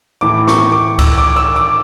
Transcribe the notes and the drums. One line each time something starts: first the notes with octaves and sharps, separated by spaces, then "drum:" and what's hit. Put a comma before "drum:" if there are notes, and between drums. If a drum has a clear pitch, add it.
A2 E3 A3 E4 D6
C#6, drum: snare
D6
E6, drum: kick C#2, cymbal
D6
E6
D6